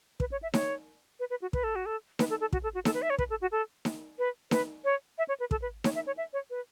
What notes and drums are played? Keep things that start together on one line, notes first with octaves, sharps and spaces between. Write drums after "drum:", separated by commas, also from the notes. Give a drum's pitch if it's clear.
B4, drum: kick
C#5
E5
C#5, drum: snare D#4
B4
B4
F#4
B4, drum: kick
A4
F#4
A4
B4, drum: snare D#4
A4
A4
F#4, drum: kick
A4
F#4
A4, drum: snare D#4
B4
E5
C#5
B4, drum: kick
A4
F#4
A4
drum: snare D#4
B4
B4, drum: snare D#4
C#5
E5
C#5
B4
A4, drum: kick
B4
C#5, drum: snare D#4
E5
C#5
E5
C#5
B4